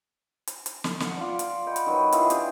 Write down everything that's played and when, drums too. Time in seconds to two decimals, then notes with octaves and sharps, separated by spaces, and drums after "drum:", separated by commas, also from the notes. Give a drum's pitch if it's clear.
0.47 drum: hi-hat
0.66 drum: hi-hat
0.84 drum: snare
1.00 F#5, drum: snare
1.17 F4 D5
1.39 drum: hi-hat
1.66 D#5 F#5 G5 B5
1.76 drum: hi-hat
1.86 D#3 F#3 B4
2.12 E4 F4 G#4 D#5, drum: hi-hat
2.30 D4 G4 G#4, drum: hi-hat